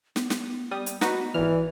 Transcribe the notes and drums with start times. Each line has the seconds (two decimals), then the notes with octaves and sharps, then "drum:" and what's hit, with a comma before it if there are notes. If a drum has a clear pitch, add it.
0.16 B3, drum: snare
0.30 drum: snare
0.71 G3 D#6
0.86 drum: hi-hat
1.01 D#4 F#4 B4, drum: snare
1.34 G#1 E3 D5 F6